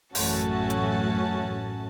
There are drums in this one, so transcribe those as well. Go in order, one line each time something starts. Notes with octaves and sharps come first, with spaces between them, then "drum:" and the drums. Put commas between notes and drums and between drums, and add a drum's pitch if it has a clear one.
A1 F#2 A3 C#4 F#4 A5, drum: open hi-hat
drum: hi-hat